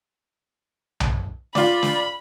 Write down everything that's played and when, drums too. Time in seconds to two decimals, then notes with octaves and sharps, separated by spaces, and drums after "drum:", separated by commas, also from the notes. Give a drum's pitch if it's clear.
1.00 drum: tom B1
1.55 F4 D5 B5, drum: snare
1.83 drum: snare